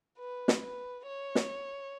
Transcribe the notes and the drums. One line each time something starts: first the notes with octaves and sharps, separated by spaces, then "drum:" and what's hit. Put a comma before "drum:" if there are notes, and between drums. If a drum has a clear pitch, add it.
B4
drum: snare
B4
C#5
drum: snare